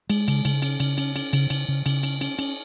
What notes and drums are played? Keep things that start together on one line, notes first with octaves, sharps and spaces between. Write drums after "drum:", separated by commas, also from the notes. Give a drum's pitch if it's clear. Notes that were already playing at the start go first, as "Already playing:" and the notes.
G#3, drum: cymbal
C#3, drum: cymbal
C#3, drum: cymbal
C#4, drum: cymbal
C#3, drum: cymbal
C#4, drum: cymbal
C#4, drum: cymbal
C#3, drum: cymbal
C#3, drum: cymbal
C#3
C#3, drum: cymbal
C#4, drum: cymbal
C#4, drum: cymbal
C#4, drum: cymbal